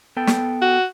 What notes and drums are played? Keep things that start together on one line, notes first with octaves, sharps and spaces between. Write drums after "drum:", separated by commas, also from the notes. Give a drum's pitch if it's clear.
B3 A4 G5
drum: snare
F#4